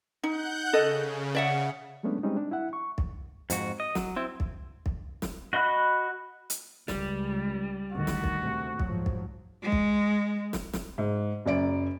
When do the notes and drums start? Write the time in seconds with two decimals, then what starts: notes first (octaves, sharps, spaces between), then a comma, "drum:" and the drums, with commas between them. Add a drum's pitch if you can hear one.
0.23 D#4 F#5 F#6 G6
0.73 C#3 A4 D#5
1.35 D5 E5 F#5
2.03 F#3 G#3 A3 B3 C#4 D4
2.23 G3 G#3 C4 C#4 D#4
2.37 D4
2.51 E4 E5 F#5
2.73 C#6
2.98 drum: kick
3.50 F2 G#2 F#4, drum: hi-hat
3.80 D#5
3.95 F#3, drum: snare
4.16 C4 E4
4.40 drum: kick
4.86 drum: kick
5.22 drum: snare
5.53 F#4 D#5 B5 F#6
6.50 drum: hi-hat
6.88 C#2 G3, drum: snare
7.92 D2 D#3 F#4
8.07 drum: snare
8.24 drum: kick
8.40 D2 C3
8.80 G#2 F3 F#3, drum: kick
9.06 drum: kick
9.62 G#3
9.72 drum: kick
10.53 drum: snare
10.73 drum: snare
10.98 G#2
11.46 F#1 F#2 D5 D7